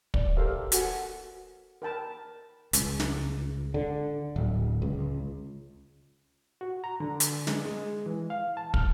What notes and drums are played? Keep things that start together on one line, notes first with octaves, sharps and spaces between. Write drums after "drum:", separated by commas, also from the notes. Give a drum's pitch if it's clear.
D5, drum: kick
G4 A4 A#4 C5 E5 F5
F#4 A4 F#5 G#5, drum: hi-hat
A#4 G5 A5 B5
C#2, drum: hi-hat
drum: snare
D3
D1
C#2
F#4
A#5
D3
drum: hi-hat
G#3, drum: snare
G#3
E3
F5
A5
F6, drum: kick